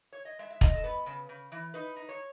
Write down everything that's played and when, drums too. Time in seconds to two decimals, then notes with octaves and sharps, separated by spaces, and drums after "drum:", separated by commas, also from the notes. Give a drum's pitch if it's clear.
0.13 C#5
0.25 D#5
0.39 G#3 E5
0.50 E5
0.61 G#3 D#5, drum: kick
0.75 A4
0.84 B3 B4
1.06 C#3
1.29 C#3
1.52 E3
1.74 D#4 B4
1.96 D#4
2.09 C#5